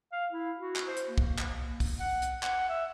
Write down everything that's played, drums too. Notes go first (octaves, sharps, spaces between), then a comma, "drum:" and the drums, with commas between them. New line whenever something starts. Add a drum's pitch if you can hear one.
F5
E4
F#4
drum: clap
C5
drum: hi-hat
A#3
drum: kick
drum: clap
drum: kick, open hi-hat
F#5
drum: hi-hat
F#5, drum: clap
E5